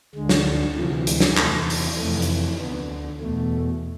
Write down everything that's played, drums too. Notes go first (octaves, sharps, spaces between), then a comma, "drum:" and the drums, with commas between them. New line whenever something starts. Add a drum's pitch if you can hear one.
D2 D3 G#3
drum: snare
D2 C3 E3 F3
G#3, drum: hi-hat
drum: snare
E2 C3 E3 A3, drum: clap
drum: open hi-hat
F2 C3 E3 A3
drum: hi-hat
D2 D3 B3
E2 B2 A3